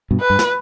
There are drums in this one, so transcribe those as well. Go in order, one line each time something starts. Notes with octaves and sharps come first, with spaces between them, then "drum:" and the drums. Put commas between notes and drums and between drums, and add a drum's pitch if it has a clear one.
G2 B2
B4
G2
drum: snare